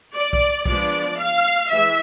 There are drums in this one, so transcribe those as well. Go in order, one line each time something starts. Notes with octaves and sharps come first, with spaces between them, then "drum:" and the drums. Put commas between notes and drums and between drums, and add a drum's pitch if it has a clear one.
D5
drum: kick B1
F3 G#3 B3 D4 D5, drum: kick B1
F5
E3 G#3 E5